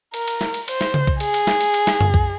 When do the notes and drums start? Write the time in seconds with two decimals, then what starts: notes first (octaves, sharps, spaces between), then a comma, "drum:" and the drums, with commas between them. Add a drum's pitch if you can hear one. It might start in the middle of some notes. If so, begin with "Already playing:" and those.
0.14 A#4, drum: cymbal
0.28 drum: cymbal
0.41 drum: snare
0.54 drum: cymbal
0.68 C5, drum: cymbal
0.81 drum: snare
0.94 drum: tom C#3
1.07 drum: kick B1
1.20 G#4, drum: cymbal
1.34 drum: cymbal
1.47 drum: snare
1.61 drum: cymbal
1.74 drum: cymbal
1.87 drum: snare
2.01 drum: tom F#2
2.14 drum: kick B1